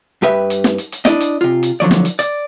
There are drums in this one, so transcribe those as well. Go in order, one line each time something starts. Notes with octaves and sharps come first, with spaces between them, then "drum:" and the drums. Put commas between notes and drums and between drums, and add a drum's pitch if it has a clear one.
G2 G4 B4 E5
drum: hi-hat
drum: snare
drum: hi-hat
drum: hi-hat
D4 E4 D5 D#5, drum: snare
drum: hi-hat
C3 F4
drum: hi-hat
D3 F3 F#3 D5
drum: snare
drum: hi-hat
D5, drum: hi-hat